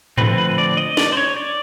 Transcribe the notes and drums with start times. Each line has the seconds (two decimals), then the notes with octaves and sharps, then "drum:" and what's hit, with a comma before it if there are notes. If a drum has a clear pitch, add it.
0.18 D3 F3 A3 C4 B4, drum: tom G#2
0.38 B4
0.58 D5
0.77 D#5
0.97 D5, drum: snare
1.12 C5
1.17 C#5
1.36 D5